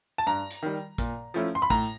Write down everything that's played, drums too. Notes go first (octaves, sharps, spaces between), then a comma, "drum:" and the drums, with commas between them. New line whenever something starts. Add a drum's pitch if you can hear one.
A5
G2 A#5
drum: hi-hat
D#3 G3
A#2, drum: kick A1, hi-hat
F3 A3 C#4 E4
C6
B5
A2 A#5, drum: kick A1